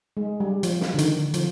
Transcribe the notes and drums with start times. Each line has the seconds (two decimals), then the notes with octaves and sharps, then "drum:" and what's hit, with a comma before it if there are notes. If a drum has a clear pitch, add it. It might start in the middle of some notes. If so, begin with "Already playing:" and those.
0.17 G#3
0.40 G3
0.63 F3, drum: hi-hat
0.81 drum: snare
0.94 D3
0.98 D#3, drum: hi-hat
1.34 F3, drum: hi-hat